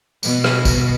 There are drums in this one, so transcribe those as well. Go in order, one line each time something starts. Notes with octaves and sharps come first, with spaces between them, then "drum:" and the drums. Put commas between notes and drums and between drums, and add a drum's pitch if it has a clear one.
B2, drum: tambourine
drum: rim click
drum: kick, tambourine